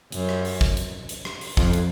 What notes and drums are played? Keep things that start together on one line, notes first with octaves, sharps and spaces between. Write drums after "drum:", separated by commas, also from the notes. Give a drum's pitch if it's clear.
F#2, drum: hi-hat
drum: rim click
drum: open hi-hat
drum: kick
drum: hi-hat
drum: hi-hat
drum: rim click
drum: open hi-hat
F2, drum: kick
drum: hi-hat